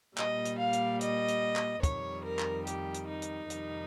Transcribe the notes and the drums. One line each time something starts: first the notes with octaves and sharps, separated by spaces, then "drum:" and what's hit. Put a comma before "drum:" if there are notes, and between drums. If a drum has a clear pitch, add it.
A#2 G3 D#5, drum: clap
drum: hi-hat
F5
drum: hi-hat
D#5, drum: hi-hat
drum: hi-hat
drum: clap
F2 D#3 G3 C#5, drum: kick, hi-hat
A#4
drum: clap
G4, drum: hi-hat
drum: hi-hat
D#4
drum: hi-hat
F2 C3 D#3 G3, drum: hi-hat